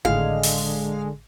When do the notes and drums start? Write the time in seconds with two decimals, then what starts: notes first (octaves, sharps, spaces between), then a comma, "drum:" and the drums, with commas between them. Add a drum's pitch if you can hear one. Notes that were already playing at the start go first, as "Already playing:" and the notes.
0.05 G#1 A2 D3 G#3 F5, drum: tom E4
0.43 drum: open hi-hat